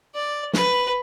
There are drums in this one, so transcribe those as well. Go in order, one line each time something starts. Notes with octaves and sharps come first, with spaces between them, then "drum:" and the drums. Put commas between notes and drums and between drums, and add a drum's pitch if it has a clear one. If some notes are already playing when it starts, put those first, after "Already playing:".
D5
B4, drum: snare